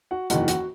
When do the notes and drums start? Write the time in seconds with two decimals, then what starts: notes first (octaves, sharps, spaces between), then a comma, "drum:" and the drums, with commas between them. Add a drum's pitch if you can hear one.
0.11 F#4 F#5
0.30 F#1 E2 D#3 F#4 F#5, drum: hi-hat
0.48 F#4 F#5, drum: hi-hat